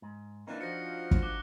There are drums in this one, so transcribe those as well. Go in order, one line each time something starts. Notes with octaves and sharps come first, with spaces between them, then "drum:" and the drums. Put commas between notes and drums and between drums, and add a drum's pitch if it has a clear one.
G#2
C3 E3 A#3 D4 D#4
F3 F#4 A#6 C#7
drum: kick
D6 F#6 G7